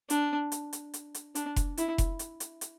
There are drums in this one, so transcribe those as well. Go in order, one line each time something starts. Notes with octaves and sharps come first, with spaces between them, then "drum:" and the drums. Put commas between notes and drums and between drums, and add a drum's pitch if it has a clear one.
D4, drum: hi-hat
drum: hi-hat
drum: hi-hat
drum: hi-hat
drum: hi-hat
D4, drum: hi-hat
drum: kick F1, hi-hat
E4, drum: hi-hat
drum: kick F1, hi-hat
drum: hi-hat
drum: hi-hat
drum: hi-hat